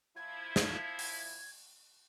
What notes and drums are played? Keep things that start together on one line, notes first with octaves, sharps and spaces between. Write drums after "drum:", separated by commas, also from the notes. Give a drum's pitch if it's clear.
F3 E4 G#6
drum: snare
drum: open hi-hat